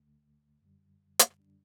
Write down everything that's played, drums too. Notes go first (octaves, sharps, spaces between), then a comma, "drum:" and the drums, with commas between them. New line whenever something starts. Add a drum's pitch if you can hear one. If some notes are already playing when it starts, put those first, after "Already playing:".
Already playing: D2 D3 A3
F#2 D3 G3
drum: hi-hat
F#2 D3 G3 D4